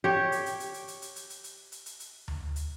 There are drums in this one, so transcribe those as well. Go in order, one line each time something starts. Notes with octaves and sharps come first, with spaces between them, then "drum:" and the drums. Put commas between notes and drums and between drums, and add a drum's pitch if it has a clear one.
G4 C#5
drum: hi-hat
drum: hi-hat
drum: hi-hat
drum: hi-hat
drum: hi-hat
drum: hi-hat
drum: hi-hat
drum: hi-hat
drum: hi-hat
drum: hi-hat
drum: hi-hat
drum: hi-hat
drum: tom D2
drum: hi-hat